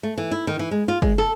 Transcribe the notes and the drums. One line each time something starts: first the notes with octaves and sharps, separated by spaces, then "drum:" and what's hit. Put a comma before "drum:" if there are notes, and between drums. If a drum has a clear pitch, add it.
A3
E3
E4
D#3
E3
G#3
F4
G#3, drum: kick
A4